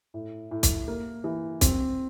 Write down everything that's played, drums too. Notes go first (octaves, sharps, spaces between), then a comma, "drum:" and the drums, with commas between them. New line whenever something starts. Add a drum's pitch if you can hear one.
A2
A2
drum: kick, hi-hat
A#3
E3
C4, drum: kick, hi-hat